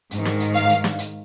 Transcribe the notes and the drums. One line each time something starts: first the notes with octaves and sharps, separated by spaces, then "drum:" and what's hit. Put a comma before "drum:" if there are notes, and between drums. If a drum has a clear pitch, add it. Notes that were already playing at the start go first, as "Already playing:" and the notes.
G#2 D#3, drum: hi-hat
drum: snare
drum: hi-hat
F5, drum: hi-hat
drum: hi-hat
drum: snare
drum: hi-hat